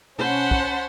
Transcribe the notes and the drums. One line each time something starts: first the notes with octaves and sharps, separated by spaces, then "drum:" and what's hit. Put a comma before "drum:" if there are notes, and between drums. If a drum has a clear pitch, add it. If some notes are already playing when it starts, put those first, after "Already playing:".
C#4 C5 F#5 A5 B5, drum: tom B2
drum: kick